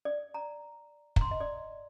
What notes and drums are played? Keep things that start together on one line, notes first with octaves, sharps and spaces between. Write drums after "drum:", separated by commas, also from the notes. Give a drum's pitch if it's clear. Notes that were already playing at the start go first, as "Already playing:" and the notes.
D5
A#5
A#5, drum: kick
C6
D#5
D5